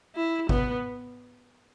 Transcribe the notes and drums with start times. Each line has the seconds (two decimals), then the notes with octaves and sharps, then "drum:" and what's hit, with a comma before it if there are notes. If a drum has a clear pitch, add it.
0.16 E4
0.49 B3, drum: kick G#1